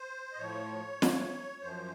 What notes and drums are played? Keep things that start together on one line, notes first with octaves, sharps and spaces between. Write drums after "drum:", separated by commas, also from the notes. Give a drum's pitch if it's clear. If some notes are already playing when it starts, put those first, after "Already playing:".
Already playing: C5
D#5
A2 F3 C#5
drum: snare
F#2 F3 C5